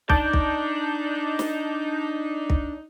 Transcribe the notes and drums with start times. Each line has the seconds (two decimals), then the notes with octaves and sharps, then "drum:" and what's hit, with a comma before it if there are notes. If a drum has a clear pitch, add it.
0.09 D4 D#4 D5 A5 D6 G6, drum: kick
0.33 drum: kick
1.39 drum: snare
2.50 drum: kick